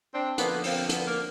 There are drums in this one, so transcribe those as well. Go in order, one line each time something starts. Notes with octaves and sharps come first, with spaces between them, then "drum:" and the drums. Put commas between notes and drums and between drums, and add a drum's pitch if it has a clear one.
C4 D4
D3 F3 A#3 B3, drum: hi-hat
A#3 C4, drum: open hi-hat
B3, drum: hi-hat
A#3